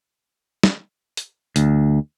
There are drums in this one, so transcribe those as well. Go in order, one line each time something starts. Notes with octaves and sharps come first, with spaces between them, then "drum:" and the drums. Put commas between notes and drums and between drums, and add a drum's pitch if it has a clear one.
drum: snare
drum: hi-hat
D2, drum: hi-hat